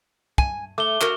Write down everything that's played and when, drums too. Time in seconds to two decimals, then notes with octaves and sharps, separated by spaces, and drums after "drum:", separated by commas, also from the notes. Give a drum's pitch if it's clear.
0.38 G#5, drum: kick
0.78 A3 D6 G7
1.01 F#4 A#4, drum: clap